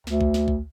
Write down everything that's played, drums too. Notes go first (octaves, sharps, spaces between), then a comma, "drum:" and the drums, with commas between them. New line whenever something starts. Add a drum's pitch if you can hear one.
D2, drum: snare
drum: kick A#1
drum: snare
drum: kick A#1